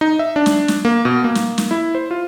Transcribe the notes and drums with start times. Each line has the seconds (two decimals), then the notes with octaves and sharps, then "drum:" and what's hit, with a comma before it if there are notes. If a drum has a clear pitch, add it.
0.01 D#4
0.19 E5
0.36 D4
0.46 drum: snare
0.68 drum: snare
0.85 A#3
1.05 B2
1.24 A#3
1.35 drum: snare
1.58 drum: snare
1.71 E4
1.95 C5
2.11 F4